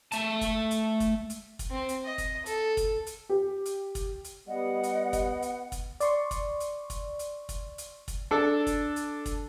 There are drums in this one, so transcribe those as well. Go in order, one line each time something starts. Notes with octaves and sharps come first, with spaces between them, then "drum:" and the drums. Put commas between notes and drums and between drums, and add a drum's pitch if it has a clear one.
A3 A5, drum: hi-hat
drum: kick, hi-hat
drum: hi-hat
drum: kick, hi-hat
drum: hi-hat
drum: kick, hi-hat
C4
drum: hi-hat
D#5
drum: kick, hi-hat
A4, drum: hi-hat
drum: kick, hi-hat
drum: hi-hat
G4
drum: hi-hat
drum: kick, hi-hat
drum: hi-hat
G3 B3 D#5 F#5
drum: hi-hat
drum: kick, hi-hat
drum: hi-hat
drum: kick, hi-hat
D5 C6 C#6, drum: hi-hat
drum: kick, hi-hat
drum: hi-hat
drum: kick, hi-hat
drum: hi-hat
drum: kick, hi-hat
drum: hi-hat
drum: kick, hi-hat
D4 A4
drum: kick, hi-hat
drum: hi-hat
drum: kick, hi-hat